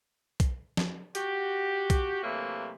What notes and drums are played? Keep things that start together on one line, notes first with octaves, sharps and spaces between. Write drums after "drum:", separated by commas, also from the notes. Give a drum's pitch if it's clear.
drum: kick B1, hi-hat
drum: snare
F#4 G4, drum: hi-hat
drum: kick B1, hi-hat
C3 E3 F#3 A3 A#3